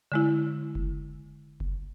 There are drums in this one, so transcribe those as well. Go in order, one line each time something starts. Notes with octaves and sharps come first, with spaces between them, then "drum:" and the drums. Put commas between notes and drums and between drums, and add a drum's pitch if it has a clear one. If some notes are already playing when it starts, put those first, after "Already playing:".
D3 G#3 E4
drum: kick F1
drum: kick F1